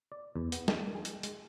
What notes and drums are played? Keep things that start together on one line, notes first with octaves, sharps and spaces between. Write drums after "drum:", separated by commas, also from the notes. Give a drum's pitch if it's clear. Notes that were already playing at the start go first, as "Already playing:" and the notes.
D5
E2
B3, drum: hi-hat
G5, drum: snare
G#4
drum: hi-hat
G#3, drum: hi-hat